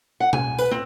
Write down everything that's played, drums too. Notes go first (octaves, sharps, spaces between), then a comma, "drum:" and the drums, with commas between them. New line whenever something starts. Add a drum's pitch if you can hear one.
F#5
G#5, drum: tom B2
B4, drum: tambourine
C4